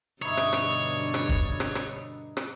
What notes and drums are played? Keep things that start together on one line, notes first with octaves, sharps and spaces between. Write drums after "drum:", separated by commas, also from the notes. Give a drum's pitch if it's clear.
G2 B2 D3 D#4 E4 C#5 D#5
drum: rim click
drum: rim click
drum: rim click
drum: kick
drum: rim click
drum: rim click
drum: rim click